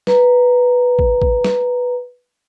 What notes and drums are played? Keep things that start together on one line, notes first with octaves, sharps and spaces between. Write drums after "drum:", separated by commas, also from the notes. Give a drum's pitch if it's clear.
B4 A#5, drum: snare
drum: kick
drum: kick
drum: snare